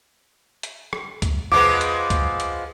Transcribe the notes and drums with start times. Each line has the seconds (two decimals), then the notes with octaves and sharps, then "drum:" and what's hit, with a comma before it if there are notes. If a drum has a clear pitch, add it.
0.63 drum: hi-hat
0.93 drum: rim click
1.22 drum: kick C#2, hi-hat
1.52 F3 G#3 B3 D6, drum: tom E2
1.81 drum: hi-hat
2.10 drum: kick C#2, hi-hat
2.40 drum: hi-hat